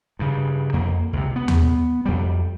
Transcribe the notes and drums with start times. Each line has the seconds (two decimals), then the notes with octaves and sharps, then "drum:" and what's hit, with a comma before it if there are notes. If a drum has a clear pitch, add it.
0.19 G2 C#3
0.73 F2 A#3
1.13 C#2 C3
1.36 B3
1.48 drum: tom D#2
2.05 F2 G3